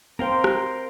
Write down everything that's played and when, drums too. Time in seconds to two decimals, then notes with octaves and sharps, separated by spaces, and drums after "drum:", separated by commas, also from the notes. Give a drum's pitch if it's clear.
0.19 C4 A#4 C5 F5 G5
0.44 drum: rim click